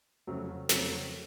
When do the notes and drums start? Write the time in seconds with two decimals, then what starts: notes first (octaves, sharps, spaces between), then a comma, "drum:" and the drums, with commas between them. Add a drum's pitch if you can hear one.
0.27 F2 C#3 F#3 A3 C4
0.69 F2 C#3 F#3 A3 C4, drum: snare